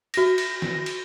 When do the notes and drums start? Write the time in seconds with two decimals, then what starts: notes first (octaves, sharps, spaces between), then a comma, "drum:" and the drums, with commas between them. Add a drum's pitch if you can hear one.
0.14 F#4 A#6, drum: cymbal
0.38 drum: cymbal
0.62 drum: snare
0.86 drum: cymbal